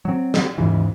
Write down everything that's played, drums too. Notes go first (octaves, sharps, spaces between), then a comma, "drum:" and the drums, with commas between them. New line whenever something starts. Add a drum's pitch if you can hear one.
F#3 C4
drum: snare
D#2 G#2 C#3 E3